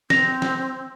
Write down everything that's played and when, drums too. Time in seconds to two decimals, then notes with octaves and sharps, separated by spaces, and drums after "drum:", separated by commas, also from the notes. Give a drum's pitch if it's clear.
0.10 C4 A#6 F7, drum: snare
0.42 drum: snare